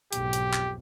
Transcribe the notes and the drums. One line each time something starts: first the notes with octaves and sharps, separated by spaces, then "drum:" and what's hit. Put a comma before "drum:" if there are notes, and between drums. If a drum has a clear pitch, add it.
B1 F2 G#2 G4, drum: hi-hat
drum: hi-hat
drum: clap